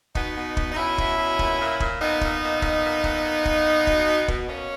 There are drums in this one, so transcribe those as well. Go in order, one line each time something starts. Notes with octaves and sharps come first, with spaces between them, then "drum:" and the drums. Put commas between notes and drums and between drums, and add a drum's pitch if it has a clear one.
B2 B3 D#4, drum: kick
B2
B2, drum: kick
D#4
B2 C#4 E4
B2, drum: kick
B2
A#2, drum: kick
A#2
A#2, drum: kick
A#2 B3 D#4
A#2, drum: kick
A#2
A#2, drum: kick
A#2
A#2, drum: kick
A#2
A#2, drum: kick
A#2
B2, drum: kick
B2
B2, drum: kick
B2 A#3 C#4